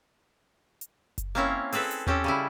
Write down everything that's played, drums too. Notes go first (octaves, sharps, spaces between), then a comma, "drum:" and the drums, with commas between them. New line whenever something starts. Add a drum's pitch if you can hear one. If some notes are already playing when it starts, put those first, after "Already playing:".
drum: hi-hat
drum: kick F#1, hi-hat
A#3 C4 C#4 E4 C#5
C4 G#4 A4 B4 E5, drum: open hi-hat
drum: hi-hat
C4 C#4 G4 A4, drum: tom D#2
C#3 G3 E4